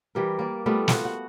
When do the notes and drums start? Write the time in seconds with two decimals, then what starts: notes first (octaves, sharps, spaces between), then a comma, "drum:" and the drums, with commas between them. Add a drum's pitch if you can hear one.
0.15 E3 G3 A#4
0.39 A#3 D5
0.66 G3 A3 B3 F4
0.88 F4 F#4, drum: snare
1.05 F#5